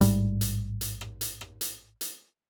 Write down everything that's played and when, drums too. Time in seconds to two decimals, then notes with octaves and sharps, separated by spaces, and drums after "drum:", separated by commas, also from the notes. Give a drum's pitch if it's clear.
0.01 A1 G#2 G3, drum: hi-hat
0.41 drum: hi-hat
0.81 drum: hi-hat
1.01 drum: rim click
1.21 drum: hi-hat
1.41 drum: rim click
1.61 drum: hi-hat
2.01 drum: hi-hat